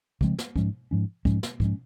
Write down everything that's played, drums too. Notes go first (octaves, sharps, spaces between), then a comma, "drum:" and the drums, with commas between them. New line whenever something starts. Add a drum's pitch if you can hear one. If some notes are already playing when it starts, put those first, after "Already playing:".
C#3 F3 G#3 C4, drum: kick
drum: snare
G#2 F3 G#3 C#4, drum: kick
G#2 F3 G#3 C#4
G#2 F3 G#3 C#4, drum: kick
drum: snare
G#2 F3 G#3 C#4, drum: kick